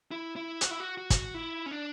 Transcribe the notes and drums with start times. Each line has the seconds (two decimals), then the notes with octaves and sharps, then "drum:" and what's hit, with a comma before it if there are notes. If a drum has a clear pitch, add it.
0.11 E4
0.36 E4
0.61 F#4, drum: hi-hat
0.71 E4
0.80 F#4
0.98 F#4
1.10 drum: kick, hi-hat
1.34 E4
1.66 C#4
1.71 D4